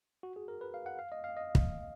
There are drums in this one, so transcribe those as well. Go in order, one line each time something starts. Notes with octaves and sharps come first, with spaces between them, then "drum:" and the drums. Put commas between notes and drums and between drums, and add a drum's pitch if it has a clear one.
F#4
G#4
A#4
B4
F5
F#5
F5
D#5
F5
D#5
drum: kick